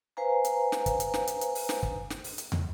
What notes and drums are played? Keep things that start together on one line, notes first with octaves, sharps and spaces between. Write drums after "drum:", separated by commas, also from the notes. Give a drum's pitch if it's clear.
B4 C5 F5 G#5 A#5
drum: hi-hat
drum: snare
drum: kick, hi-hat
drum: hi-hat
drum: snare
drum: hi-hat
drum: hi-hat
drum: open hi-hat
drum: snare
drum: kick
drum: snare
drum: open hi-hat
drum: hi-hat
drum: tom